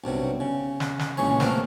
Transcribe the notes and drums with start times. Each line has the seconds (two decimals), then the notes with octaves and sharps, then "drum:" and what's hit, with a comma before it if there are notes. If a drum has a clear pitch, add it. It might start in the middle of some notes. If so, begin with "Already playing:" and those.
0.04 B1 G2 C3 F#3
0.40 C#3
0.80 drum: snare
0.99 drum: snare
1.17 A#1 C#3 E3 G#3 C#5
1.40 A3 A#3 C4 F4 A#4, drum: snare